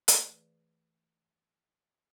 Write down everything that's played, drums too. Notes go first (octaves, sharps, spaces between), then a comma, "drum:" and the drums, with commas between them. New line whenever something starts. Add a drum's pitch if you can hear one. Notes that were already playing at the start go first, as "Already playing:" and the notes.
drum: hi-hat
E3 A3 G#4 B4 D5